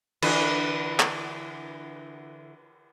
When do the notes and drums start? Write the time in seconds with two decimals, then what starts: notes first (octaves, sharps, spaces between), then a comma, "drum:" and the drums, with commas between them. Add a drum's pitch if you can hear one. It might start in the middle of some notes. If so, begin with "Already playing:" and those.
0.22 D3 E3 B4, drum: cymbal
1.00 drum: clap